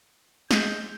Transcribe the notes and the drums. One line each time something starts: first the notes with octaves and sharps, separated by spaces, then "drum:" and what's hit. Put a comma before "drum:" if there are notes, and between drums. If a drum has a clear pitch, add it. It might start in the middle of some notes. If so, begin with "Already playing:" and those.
G#3 G6, drum: snare